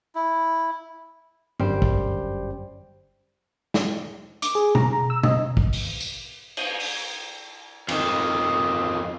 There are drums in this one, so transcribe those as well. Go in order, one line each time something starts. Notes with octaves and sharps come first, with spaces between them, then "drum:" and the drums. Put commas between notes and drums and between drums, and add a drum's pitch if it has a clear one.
E4
G1 F#2 G3 C5 G5, drum: tom G2
drum: kick
drum: snare
D6, drum: hi-hat
G#4
A#5, drum: tom B2
A#5
E6
D#5, drum: tom B2
drum: kick
drum: open hi-hat
drum: tambourine
drum: cymbal
drum: open hi-hat
F2 D#3, drum: cymbal